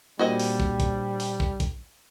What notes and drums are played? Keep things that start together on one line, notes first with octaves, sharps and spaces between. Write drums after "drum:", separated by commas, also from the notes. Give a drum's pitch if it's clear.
A#2 G3 C4 D4 F#4 D#5 G#5
drum: open hi-hat
drum: kick
drum: kick, hi-hat
drum: open hi-hat
drum: kick
drum: kick, hi-hat